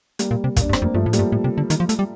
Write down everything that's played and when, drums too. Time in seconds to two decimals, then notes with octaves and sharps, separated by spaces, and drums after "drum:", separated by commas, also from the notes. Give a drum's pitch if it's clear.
0.19 G3 A#3, drum: hi-hat
0.31 A#2
0.44 C3
0.56 A#2, drum: kick, hi-hat
0.61 D4
0.69 G2
0.73 C4, drum: rim click
0.82 F2 A#3
0.94 G2 F3 A3
1.06 A2
1.13 G3 A#3, drum: hi-hat
1.19 G2
1.32 A2
1.44 C3
1.58 D3
1.70 D#3, drum: hi-hat
1.80 F3
1.89 A3, drum: hi-hat
1.99 G3